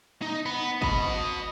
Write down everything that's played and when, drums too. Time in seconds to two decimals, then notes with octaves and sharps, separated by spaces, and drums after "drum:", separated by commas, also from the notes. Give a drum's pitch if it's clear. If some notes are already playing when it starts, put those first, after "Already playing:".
0.22 D#4
0.46 B3
0.82 D#5 B5, drum: kick